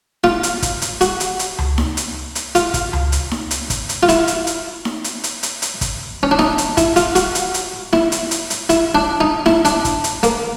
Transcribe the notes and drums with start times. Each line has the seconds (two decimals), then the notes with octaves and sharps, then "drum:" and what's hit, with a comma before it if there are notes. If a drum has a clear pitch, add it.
0.24 F4, drum: snare D#4
0.43 drum: hi-hat
0.62 drum: kick, hi-hat
0.82 drum: hi-hat
1.01 F#4, drum: hi-hat
1.20 drum: hi-hat
1.39 drum: hi-hat
1.59 drum: tom C#2
1.78 drum: snare D#4
1.97 drum: hi-hat
2.35 drum: hi-hat
2.55 F4, drum: hi-hat
2.74 drum: kick, hi-hat
2.93 drum: tom C#2
3.12 drum: hi-hat
3.31 drum: snare D#4
3.51 drum: hi-hat
3.70 drum: kick, hi-hat
3.89 drum: hi-hat
4.03 F4
4.09 E4, drum: hi-hat
4.28 drum: hi-hat
4.47 drum: hi-hat
4.85 drum: snare D#4
5.04 drum: hi-hat
5.24 drum: hi-hat
5.43 drum: hi-hat
5.62 drum: hi-hat
5.81 drum: kick, hi-hat
6.23 C#4
6.31 D4
6.39 D#4, drum: snare D#4
6.58 drum: hi-hat
6.77 E4, drum: kick, hi-hat
6.96 F4, drum: hi-hat
7.15 F#4, drum: hi-hat
7.35 drum: hi-hat
7.54 drum: hi-hat
7.93 E4, drum: snare D#4
8.12 drum: hi-hat
8.31 drum: hi-hat
8.50 drum: hi-hat
8.69 E4, drum: hi-hat
8.95 D4
9.21 D#4
9.46 E4, drum: snare D#4
9.65 D4, drum: hi-hat
9.85 drum: kick, hi-hat
10.04 drum: hi-hat
10.23 A#3, drum: hi-hat